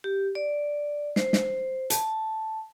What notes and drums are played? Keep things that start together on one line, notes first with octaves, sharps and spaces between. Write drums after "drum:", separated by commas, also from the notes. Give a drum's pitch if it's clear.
G4
D5
C5, drum: snare
drum: snare
A5, drum: hi-hat